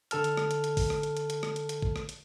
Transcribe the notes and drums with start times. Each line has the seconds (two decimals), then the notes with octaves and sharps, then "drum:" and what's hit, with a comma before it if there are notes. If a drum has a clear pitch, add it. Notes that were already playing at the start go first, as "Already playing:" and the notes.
0.11 D3 A4 A5 F6, drum: hi-hat
0.24 drum: hi-hat
0.37 drum: rim click
0.51 drum: hi-hat
0.64 drum: hi-hat
0.77 drum: kick, open hi-hat
0.90 drum: rim click
1.03 drum: hi-hat
1.17 drum: hi-hat
1.30 drum: hi-hat
1.43 drum: rim click
1.56 drum: hi-hat
1.69 drum: hi-hat
1.82 drum: kick
1.96 drum: rim click
2.09 drum: hi-hat